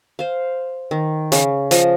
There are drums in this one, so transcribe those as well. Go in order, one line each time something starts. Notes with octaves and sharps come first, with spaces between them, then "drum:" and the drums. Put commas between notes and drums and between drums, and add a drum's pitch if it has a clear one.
C5 F5
D#3
C#3, drum: hi-hat
F3 D#5, drum: hi-hat